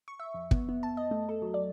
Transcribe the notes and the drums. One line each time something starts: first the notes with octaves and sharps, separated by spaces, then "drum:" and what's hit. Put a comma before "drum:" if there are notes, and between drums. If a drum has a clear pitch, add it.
C#6
E5
F2
B3, drum: kick
B3
A5
D#5
A3
A4
F#3
D5